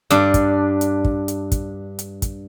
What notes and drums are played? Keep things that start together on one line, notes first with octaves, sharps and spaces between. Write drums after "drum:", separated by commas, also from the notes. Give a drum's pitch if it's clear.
G2 D4, drum: hi-hat
drum: kick, hi-hat
drum: hi-hat
drum: kick
drum: hi-hat
drum: kick, hi-hat
drum: hi-hat
drum: kick, hi-hat